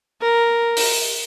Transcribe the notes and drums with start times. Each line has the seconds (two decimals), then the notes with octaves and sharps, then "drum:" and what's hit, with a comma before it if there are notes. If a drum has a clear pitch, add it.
0.21 A#4
0.77 drum: open hi-hat